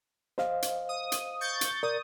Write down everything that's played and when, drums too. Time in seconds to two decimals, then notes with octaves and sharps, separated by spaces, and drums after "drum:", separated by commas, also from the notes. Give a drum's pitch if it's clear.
0.38 C5 D#5 F5, drum: snare
0.62 drum: hi-hat
0.89 D#6
1.12 drum: hi-hat
1.41 C#6 G6 A6
1.61 drum: hi-hat
1.83 A#4 D5 D#6